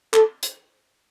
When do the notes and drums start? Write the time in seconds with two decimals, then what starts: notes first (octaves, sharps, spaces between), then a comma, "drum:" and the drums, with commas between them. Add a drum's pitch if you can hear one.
0.14 A4, drum: clap
0.43 drum: hi-hat